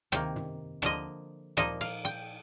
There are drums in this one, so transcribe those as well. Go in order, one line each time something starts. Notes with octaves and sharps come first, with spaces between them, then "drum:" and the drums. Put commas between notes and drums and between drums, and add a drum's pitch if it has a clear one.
C3 D#3 A#3 G5, drum: rim click
drum: tom
D3 F3 A#3 D#5, drum: rim click
A#2 F3 A#3 D#4 D#5, drum: rim click
F5, drum: cymbal
G5